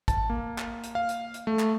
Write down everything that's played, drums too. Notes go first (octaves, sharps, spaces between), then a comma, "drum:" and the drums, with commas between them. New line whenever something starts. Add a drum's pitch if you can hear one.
A5, drum: kick, hi-hat
A#3
drum: clap
drum: hi-hat
F5
drum: hi-hat
drum: hi-hat
A3
drum: clap